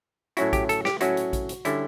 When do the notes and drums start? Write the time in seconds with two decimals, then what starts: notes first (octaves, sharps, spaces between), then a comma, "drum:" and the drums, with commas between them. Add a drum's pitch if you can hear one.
0.37 A2 F#3 C#4 E4 F#4, drum: hi-hat
0.53 G4, drum: kick A#1, hi-hat
0.69 A4, drum: hi-hat
0.85 G4, drum: snare
1.01 A2 F#3 C#4 E4 F#4, drum: hi-hat
1.17 drum: hi-hat
1.33 drum: kick A#1, hi-hat
1.49 drum: hi-hat
1.65 D3 G3 C#4 E4, drum: hi-hat